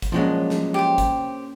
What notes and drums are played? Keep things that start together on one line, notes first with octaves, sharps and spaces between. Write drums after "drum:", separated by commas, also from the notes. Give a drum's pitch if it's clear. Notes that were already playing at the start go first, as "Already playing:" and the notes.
drum: kick, hi-hat
F3 F#3 G#3 A#3 C#4 D4
drum: snare
G4 C5
drum: kick, hi-hat